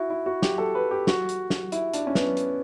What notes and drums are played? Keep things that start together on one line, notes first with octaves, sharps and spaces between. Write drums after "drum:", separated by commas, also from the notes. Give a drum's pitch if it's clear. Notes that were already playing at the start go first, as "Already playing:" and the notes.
Already playing: E4 F#4
E4
F#4
G4, drum: snare
A4
B4
G4
F#4, drum: snare
drum: hi-hat
drum: snare
E4, drum: hi-hat
D4, drum: hi-hat
C#4
B3, drum: snare
drum: hi-hat